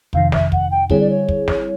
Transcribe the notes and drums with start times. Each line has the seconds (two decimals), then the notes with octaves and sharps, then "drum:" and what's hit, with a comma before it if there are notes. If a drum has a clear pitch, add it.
0.13 F2 C3 D#3 F5, drum: kick
0.32 E5, drum: snare
0.52 F#5, drum: kick
0.71 G5
0.90 D3 G3 C4 E4 G#4 C#5, drum: kick
1.00 D5
1.09 C#5
1.29 drum: kick
1.48 drum: snare